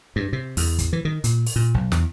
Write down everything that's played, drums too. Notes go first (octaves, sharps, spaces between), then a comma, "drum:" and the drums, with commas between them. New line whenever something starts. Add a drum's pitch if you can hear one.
G2
C3
E2, drum: open hi-hat
drum: kick, hi-hat
E3
D#3
A#2, drum: hi-hat
drum: open hi-hat
A#2
B1
E2, drum: snare